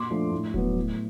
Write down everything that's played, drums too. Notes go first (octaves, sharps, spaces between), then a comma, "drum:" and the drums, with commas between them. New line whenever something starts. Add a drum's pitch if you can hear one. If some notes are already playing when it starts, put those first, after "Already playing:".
Already playing: A#2 C6 D6
F3 A3 D4
A2
F#3 B3, drum: kick D#1
A2